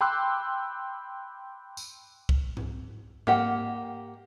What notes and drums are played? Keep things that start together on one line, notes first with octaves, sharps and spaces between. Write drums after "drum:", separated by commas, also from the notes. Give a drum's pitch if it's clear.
G5 B5 C6 D6 E6 F#6
drum: tambourine
drum: kick C2
drum: tom G#2
A#3 G4 F#5, drum: tom G#2